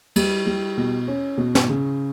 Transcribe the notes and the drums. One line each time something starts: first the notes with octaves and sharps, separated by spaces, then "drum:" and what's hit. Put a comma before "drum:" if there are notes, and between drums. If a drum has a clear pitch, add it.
G3, drum: cymbal
G3
B2
C#4
B2
drum: snare
C#3